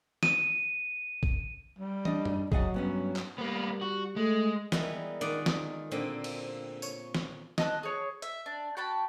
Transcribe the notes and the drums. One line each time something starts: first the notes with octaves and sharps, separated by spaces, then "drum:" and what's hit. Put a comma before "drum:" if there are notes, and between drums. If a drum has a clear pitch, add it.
D#7, drum: snare
drum: kick A1
G3
D4 D#5, drum: tom
drum: tom F#2
F#3 G#4 D#5 F#5, drum: kick A1
G2 B3 C#4
drum: clap
G3 A#3 B3
F#4
G#3 A3
E3 G3 G#3 B3 A#4, drum: snare
D#3 F4 D5 F#5
drum: snare
A#2 D3 A#3 C4
drum: cymbal
C#5, drum: tambourine
drum: snare
D#5 A5 F#6, drum: snare
G#4 C#5
E5, drum: hi-hat
D4
F#4 G5 A5 B5